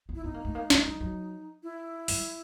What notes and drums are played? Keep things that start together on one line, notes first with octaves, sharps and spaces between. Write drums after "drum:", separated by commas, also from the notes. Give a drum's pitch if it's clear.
B3
E4
B3 D#4
A#3
A3
A#3
G#3, drum: snare
G3
F#3
E4
G3, drum: open hi-hat